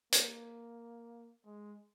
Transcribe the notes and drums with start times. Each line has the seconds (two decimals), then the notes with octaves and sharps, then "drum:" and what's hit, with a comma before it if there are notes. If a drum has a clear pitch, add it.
0.12 A#3, drum: hi-hat
1.45 G#3